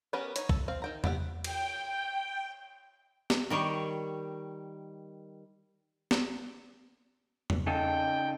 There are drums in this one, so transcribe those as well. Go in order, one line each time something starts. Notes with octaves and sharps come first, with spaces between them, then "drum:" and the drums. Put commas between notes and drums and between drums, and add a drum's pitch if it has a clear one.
B3 C#4 G4 A#4 B4
D#4 C#5, drum: hi-hat
A4, drum: kick
C4 F5
D#3 G5 A#5
B3 G4 E5 F#5, drum: tom E2
G5, drum: cymbal
G5
drum: snare
D#3 G3 C#5
drum: snare
drum: tom E2
C#3 D#4 A4 G5